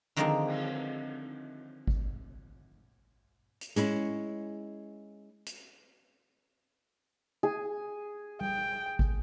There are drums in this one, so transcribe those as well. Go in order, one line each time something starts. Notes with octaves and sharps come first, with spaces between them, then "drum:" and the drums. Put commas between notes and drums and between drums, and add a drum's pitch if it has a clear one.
D3 D#3 F3 G#3 C4 D#4
drum: cymbal
drum: kick G#1
drum: hi-hat
G#3 C#4 E4, drum: hi-hat
drum: hi-hat
G#4
G5, drum: tom G3
drum: kick G#1